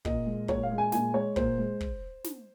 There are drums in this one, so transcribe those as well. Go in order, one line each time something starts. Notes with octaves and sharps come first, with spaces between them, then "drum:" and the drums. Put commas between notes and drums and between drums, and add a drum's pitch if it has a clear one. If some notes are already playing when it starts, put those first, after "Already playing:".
A#2 D#5, drum: kick
G#3
A#2 C#5, drum: kick
F5
G#3
G#5
A#2 G#5, drum: snare
G#3 C#5
A#2 C5, drum: kick
G#3
drum: kick
drum: snare